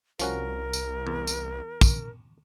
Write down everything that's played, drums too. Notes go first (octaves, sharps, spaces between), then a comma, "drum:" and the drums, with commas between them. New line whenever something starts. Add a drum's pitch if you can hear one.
C2 F3 C#4 F#4 A#4, drum: tambourine
drum: tambourine
E2
drum: tambourine
drum: kick, tambourine